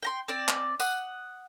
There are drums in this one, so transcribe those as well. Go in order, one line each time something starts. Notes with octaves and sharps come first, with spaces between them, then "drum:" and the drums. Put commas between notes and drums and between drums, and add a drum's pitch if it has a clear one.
G5 A#5 C6
C4 D5
drum: clap
F#5 D#6, drum: tambourine